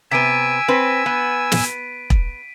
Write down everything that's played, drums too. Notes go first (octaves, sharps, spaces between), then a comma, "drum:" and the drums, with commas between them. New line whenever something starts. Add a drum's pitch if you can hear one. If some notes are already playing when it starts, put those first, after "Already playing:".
C3 B3 G#5 E6 B6 D7 D#7
C4 B4
B3
drum: snare
drum: kick E1